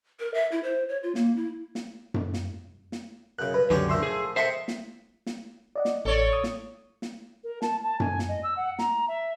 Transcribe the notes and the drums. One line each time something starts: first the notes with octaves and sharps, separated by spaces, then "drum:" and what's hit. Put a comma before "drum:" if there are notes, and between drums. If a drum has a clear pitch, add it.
A#4
E5
E4
C5
C#5
F4
A#3, drum: snare
E4
drum: snare
drum: tom F#2
drum: snare
drum: snare
F#2 C#3 F#6
G2 B4
C#2 F#2 D3 C#4 G4 C#5
A#2 F3 A3 C6 E6
G#4
G#3 C4 A4 C5 E5 C7 C#7
drum: snare
drum: snare
D5 D#5 F#5
drum: snare
A1 A4 C#5 D5
D#6
drum: snare
drum: snare
A#4
A5, drum: snare
A5
G#5, drum: tom F#2
drum: snare
D#5
E6
F#5
A#5, drum: snare
E5